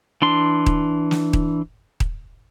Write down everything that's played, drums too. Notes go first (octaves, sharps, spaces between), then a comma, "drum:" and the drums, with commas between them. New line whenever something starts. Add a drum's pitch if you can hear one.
E3 D4 C6
drum: kick D#1
drum: snare
drum: kick D#1
drum: kick D#1